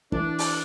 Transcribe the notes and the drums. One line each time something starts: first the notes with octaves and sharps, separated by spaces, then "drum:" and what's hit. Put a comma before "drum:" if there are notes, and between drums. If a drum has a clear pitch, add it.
E3 D4, drum: kick
drum: open hi-hat